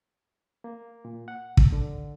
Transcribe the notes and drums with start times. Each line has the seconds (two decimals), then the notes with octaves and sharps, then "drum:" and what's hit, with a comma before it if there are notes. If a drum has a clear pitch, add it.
0.64 A#3
1.05 A#2
1.28 F#5
1.57 drum: kick
1.72 D3